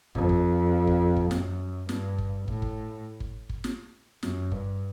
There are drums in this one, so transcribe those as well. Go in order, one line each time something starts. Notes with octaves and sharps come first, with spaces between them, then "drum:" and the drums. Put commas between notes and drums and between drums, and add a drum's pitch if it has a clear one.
F2, drum: kick
drum: kick
drum: kick
drum: kick
F#2, drum: snare
G2, drum: snare
drum: kick
A2, drum: kick
drum: kick
drum: kick
drum: kick
drum: snare
F#2, drum: snare
G2, drum: kick